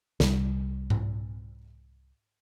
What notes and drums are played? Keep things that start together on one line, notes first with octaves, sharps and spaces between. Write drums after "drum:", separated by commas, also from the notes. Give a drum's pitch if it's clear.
C2 G3, drum: snare
drum: tom G#2